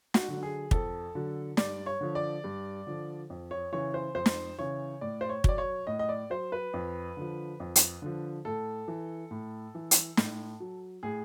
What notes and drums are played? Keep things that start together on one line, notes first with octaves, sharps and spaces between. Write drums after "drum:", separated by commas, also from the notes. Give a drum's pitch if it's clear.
F#4, drum: snare
D3 F#3
G#4
F2 A4, drum: kick
D3 F#3
G2 D5, drum: snare
C#5
D3 F3
D5
G2
D3 F3
F2
C#5
C#3 E3 C#5
C5
F2 C5
drum: snare
C#3 E3 C#5
A2 D5
C5
C#5
F#3 D5, drum: kick
C#5
A2 D#5
D#5
D5
F#3 C5
B4
F2
D3 F3
F2
drum: hi-hat
D3 F3
A2 A4
E3
A2
E3
drum: hi-hat
A2, drum: snare
F#3
A2 G#4